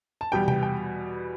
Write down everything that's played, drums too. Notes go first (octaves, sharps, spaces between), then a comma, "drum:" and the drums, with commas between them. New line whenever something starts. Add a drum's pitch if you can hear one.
A5
E2 B2 G3 G5
G5, drum: tom C3
G5